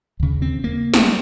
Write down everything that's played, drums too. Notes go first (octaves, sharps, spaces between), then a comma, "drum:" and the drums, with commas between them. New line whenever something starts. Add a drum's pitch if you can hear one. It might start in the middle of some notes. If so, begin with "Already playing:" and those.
D#2 C#3
C4
A#3
drum: snare